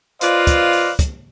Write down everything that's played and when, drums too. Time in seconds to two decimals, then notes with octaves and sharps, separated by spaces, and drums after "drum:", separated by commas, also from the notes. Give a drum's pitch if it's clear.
0.21 F4 B4 C5 D5 D#5 F5, drum: hi-hat
0.47 drum: kick, hi-hat
0.73 drum: open hi-hat
0.99 drum: kick, hi-hat